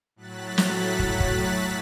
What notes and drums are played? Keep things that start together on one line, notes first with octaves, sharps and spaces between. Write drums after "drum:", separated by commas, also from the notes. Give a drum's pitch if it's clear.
A2 F#3 F#6 A6 B6
drum: snare
drum: kick
drum: kick